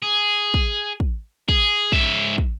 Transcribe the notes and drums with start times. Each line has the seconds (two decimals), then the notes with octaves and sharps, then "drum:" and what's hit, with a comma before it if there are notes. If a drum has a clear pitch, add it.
0.02 G#4
0.54 drum: kick
1.00 drum: kick
1.49 G#4, drum: kick
1.92 G#2 E5, drum: kick
2.38 drum: kick